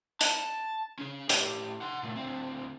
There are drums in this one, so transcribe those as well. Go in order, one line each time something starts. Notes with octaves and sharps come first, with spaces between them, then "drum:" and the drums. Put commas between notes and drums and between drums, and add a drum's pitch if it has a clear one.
A5, drum: hi-hat
C#4 G#4
A2 G4, drum: hi-hat
F#5 C6
A#2 A3
D2 C4